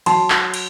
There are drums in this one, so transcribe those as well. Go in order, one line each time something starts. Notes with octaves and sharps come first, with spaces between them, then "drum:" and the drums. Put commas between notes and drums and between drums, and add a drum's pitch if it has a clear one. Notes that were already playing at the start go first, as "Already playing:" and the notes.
F#3 A5 C6, drum: cymbal
drum: clap
drum: cymbal